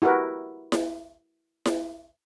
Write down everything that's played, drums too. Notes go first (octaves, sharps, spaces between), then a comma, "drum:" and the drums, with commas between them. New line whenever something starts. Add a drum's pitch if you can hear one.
E4 F#4 G4 A#4 B4
drum: snare E4
drum: snare E4